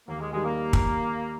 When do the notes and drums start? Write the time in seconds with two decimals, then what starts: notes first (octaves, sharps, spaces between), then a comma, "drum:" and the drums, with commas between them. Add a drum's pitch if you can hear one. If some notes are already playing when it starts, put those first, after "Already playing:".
0.08 D#2 A#3
0.20 G#3
0.32 D#3 G3 G#3
0.44 A#3
0.73 drum: kick